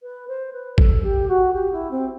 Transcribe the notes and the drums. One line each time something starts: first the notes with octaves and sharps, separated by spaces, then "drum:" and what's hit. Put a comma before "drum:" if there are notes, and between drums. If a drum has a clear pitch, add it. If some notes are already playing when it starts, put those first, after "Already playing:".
B4
C5
B4
A4, drum: kick
G4
F#4
G4
E4
C4